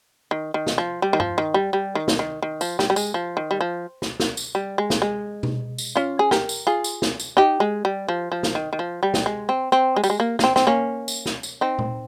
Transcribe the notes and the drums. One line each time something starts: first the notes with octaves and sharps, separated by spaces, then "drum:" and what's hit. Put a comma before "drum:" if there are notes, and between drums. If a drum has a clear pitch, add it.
D#3
D#3
drum: snare
F3
G3
D#3
F3, drum: tom G2
D#3
G3
G3
D#3
drum: snare
D#3
D#3
F3, drum: tambourine
G3, drum: snare
G3
G#3, drum: tambourine
F3
D#3
G3
F3
drum: snare
drum: snare
drum: tambourine
G3
G#3
drum: snare
G#3
drum: tom B2
drum: tambourine
C#4 F4
G#4
G4 A#4, drum: snare
drum: tambourine
F4 G#4
drum: tambourine
drum: snare
drum: tambourine
D#4 G4
G#3
G3
F3
F3
drum: snare
D#3
D#3
F3
G3
drum: snare
G#3
C4
C4
G#3
G3, drum: tambourine
G#3
A#3
A#3, drum: snare
C4
C4, drum: snare
A#3 C#4
drum: tambourine
drum: snare
drum: tambourine
C4 D#4
drum: tom A#2